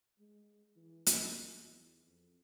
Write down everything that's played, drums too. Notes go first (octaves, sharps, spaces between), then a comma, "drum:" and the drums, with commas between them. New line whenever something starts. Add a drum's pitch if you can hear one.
G#3
E3
F3, drum: hi-hat
E2
F2